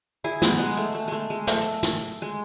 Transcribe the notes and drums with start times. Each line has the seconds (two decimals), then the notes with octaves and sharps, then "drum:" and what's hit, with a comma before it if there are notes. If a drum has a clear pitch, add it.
0.24 E4 G#4
0.42 B3 D#4, drum: snare
0.59 G#3
0.77 A3
0.95 A3
1.08 G#3 A3
1.30 G#3
1.47 A3, drum: snare
1.83 drum: snare
2.22 G#3